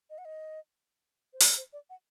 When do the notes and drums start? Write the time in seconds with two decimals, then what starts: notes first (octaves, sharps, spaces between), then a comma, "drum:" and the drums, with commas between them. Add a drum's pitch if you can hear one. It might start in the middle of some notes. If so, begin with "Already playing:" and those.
0.10 D#5
0.18 F#5
0.25 D#5
1.33 C5
1.40 D5, drum: open hi-hat
1.57 C5
1.73 D5
1.90 F#5